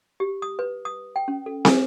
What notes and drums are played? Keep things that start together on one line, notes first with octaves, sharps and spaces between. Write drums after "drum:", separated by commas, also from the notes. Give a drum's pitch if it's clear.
G4
D#6
B4
D#6
G5
C#4
A4
G#5, drum: snare